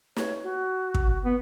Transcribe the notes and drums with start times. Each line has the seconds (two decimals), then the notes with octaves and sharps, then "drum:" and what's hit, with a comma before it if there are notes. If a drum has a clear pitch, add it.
0.16 C#5, drum: snare
0.44 F#4
0.94 drum: kick
1.25 B3